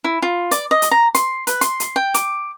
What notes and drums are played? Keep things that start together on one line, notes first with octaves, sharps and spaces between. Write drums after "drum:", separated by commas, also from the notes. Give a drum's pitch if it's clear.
E4
F4
D5, drum: hi-hat
D#5
drum: hi-hat
A#5
C6, drum: hi-hat
B4, drum: hi-hat
C6, drum: hi-hat
drum: hi-hat
G5
D6, drum: hi-hat